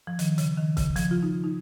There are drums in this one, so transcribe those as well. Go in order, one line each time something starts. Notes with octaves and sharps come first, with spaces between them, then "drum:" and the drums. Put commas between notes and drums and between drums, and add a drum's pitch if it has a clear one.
F3
D#3, drum: hi-hat
C#3, drum: hi-hat
D#3
C#3, drum: kick, hi-hat
F3, drum: hi-hat
F4
D#4
D#4